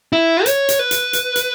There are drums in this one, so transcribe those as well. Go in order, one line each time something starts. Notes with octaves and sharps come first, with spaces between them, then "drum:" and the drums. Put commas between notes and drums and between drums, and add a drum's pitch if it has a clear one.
E4
C#5, drum: hi-hat
drum: hi-hat
B4
drum: hi-hat
drum: hi-hat
drum: hi-hat